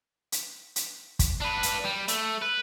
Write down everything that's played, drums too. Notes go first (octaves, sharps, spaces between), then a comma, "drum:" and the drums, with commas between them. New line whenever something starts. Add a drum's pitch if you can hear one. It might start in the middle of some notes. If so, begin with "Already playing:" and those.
drum: hi-hat
drum: hi-hat
drum: kick, hi-hat
D4 B4
drum: hi-hat
G3
A3, drum: hi-hat
B4